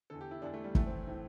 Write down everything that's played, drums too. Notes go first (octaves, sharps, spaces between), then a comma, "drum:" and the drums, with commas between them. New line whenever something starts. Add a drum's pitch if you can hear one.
E2 D3 A4
G4
E4
E2 D3 D4
A3
G3
A2 E3 A3, drum: kick
C4
A2 E3 C4